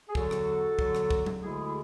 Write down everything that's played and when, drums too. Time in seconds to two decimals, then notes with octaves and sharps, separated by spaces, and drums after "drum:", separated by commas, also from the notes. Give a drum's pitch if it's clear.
0.09 G#4
0.15 E2 D3 F#3 F#4 A4, drum: kick
0.31 drum: rim click
0.79 E2 D3 F#3, drum: kick
0.95 drum: rim click
1.11 drum: kick
1.26 drum: tom F#3
1.42 D2 D3 G#3 E4 G#4
1.63 E4